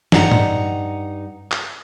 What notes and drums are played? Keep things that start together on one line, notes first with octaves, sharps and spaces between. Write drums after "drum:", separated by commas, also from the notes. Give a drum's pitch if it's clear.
G2 D#4 F#5 A5 A#5, drum: snare
drum: tom A2
drum: clap